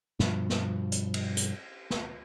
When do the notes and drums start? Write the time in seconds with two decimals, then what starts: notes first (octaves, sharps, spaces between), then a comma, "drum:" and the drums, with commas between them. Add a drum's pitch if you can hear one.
0.19 G2 B2 F3, drum: snare
0.50 drum: snare
0.92 drum: hi-hat
1.14 drum: cymbal
1.37 drum: hi-hat
1.90 drum: snare